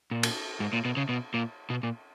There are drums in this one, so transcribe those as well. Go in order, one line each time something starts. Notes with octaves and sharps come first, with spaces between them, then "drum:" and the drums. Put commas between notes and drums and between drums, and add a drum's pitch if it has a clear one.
A#2
drum: cymbal
G#2
A#2
B2
C#3
B2
A#2
B2
A#2